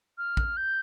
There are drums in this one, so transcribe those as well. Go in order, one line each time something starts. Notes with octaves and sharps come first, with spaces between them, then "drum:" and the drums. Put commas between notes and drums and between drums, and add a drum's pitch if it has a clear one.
F6
drum: kick
G6